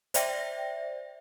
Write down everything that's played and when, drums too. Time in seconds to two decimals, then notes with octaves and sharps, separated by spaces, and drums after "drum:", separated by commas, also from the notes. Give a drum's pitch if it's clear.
0.14 C5 D5 E5 G5 A#6, drum: hi-hat